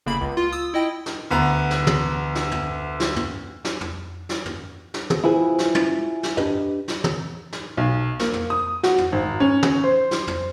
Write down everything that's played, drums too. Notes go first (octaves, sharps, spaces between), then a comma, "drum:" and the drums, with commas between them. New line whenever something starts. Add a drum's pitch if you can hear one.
G1 C#3 A#3 B5
C#2
F4
D#6 E6
E4 D#5 G5
drum: snare
D2 B3 A#5
drum: snare
drum: tom
drum: snare
drum: tom
drum: snare
drum: tom
drum: snare
drum: tom
drum: snare
drum: tom
drum: snare
drum: tom
E4 F4 G4 G#4 B4 C5
drum: snare
drum: tom
drum: snare
D4 G4 B4 D#5, drum: tom
drum: snare
drum: tom
drum: snare
B1
A#3, drum: snare
drum: tom
D#6
F#4, drum: snare
drum: tom
G#1
C#4
drum: tom
C5
drum: snare
drum: tom